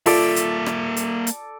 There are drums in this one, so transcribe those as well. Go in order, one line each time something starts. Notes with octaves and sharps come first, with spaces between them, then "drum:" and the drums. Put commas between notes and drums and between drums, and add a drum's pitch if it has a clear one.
A#3 F4 A4 D5 E5, drum: open hi-hat
drum: hi-hat
drum: rim click
drum: hi-hat
drum: hi-hat